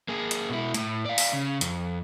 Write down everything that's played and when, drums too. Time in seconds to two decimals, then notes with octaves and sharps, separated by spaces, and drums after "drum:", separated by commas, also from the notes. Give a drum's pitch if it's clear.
0.09 A#3 G#4
0.31 drum: hi-hat
0.50 B2 E4
0.74 A2, drum: hi-hat
1.05 D5 F5
1.18 drum: open hi-hat
1.33 C#3
1.61 F2, drum: hi-hat